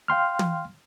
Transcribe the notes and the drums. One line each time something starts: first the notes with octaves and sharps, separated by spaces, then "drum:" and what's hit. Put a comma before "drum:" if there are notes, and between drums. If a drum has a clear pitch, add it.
F5 G5 C6 F6
drum: tom